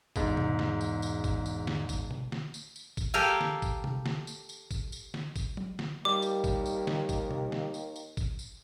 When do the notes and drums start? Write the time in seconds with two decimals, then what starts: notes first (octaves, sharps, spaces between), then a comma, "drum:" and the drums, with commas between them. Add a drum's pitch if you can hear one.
0.16 E1 G#2, drum: kick, tambourine
0.37 drum: tom C3
0.59 drum: snare
0.81 drum: tambourine
1.02 drum: tambourine
1.24 drum: kick, tambourine
1.46 drum: tambourine
1.67 drum: snare
1.89 drum: kick, tambourine
2.11 drum: tom B2
2.32 drum: snare
2.54 drum: tambourine
2.76 drum: tambourine
2.97 drum: kick, tambourine
3.14 G4 A4 A#4 F5 G5 G#5
3.41 drum: snare
3.62 drum: kick, tambourine
3.84 drum: tom C3
4.06 drum: snare
4.27 drum: tambourine
4.49 drum: tambourine
4.71 drum: kick, tambourine
4.92 drum: tambourine
5.14 drum: snare
5.36 drum: kick, tambourine
5.57 drum: tom F#3
5.79 drum: snare
6.05 D#2 G3 D6
6.22 drum: tambourine
6.44 drum: kick, tambourine
6.66 drum: tambourine
6.87 drum: snare
7.09 drum: kick, tambourine
7.31 drum: tom B2
7.52 drum: snare
7.74 drum: tambourine
7.96 drum: tambourine
8.17 drum: kick, tambourine
8.39 drum: tambourine